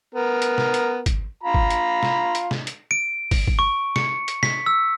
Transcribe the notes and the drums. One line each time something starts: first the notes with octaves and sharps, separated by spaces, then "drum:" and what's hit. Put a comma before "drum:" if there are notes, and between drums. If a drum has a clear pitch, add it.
B3 A#4
drum: hi-hat
drum: snare
drum: hi-hat
drum: kick, hi-hat
F4 A#5 B5
drum: kick
drum: hi-hat
drum: snare
drum: hi-hat
drum: snare
drum: hi-hat
D7
drum: kick, open hi-hat
drum: kick
C#6
C#7, drum: snare
drum: hi-hat
B6, drum: snare
E6